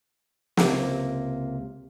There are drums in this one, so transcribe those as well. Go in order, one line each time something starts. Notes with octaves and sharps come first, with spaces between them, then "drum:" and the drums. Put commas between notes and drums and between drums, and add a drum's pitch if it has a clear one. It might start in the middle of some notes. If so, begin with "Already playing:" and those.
C#2 C3 A#3, drum: snare